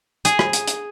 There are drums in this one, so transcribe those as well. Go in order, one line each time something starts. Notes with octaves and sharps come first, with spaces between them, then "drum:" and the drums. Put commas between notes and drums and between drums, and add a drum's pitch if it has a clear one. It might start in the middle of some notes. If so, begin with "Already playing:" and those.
G#4, drum: hi-hat
drum: rim click
drum: hi-hat
drum: hi-hat